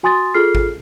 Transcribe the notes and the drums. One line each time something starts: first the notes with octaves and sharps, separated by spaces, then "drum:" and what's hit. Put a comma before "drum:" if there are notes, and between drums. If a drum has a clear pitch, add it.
F#4 G#5 C6 D#6 A6
F4 G#4 A4 F6 C7
drum: kick G#1